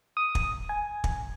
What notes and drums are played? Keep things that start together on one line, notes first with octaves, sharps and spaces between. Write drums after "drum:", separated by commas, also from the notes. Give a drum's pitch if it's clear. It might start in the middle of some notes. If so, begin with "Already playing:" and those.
D#6
drum: kick
G#5
drum: kick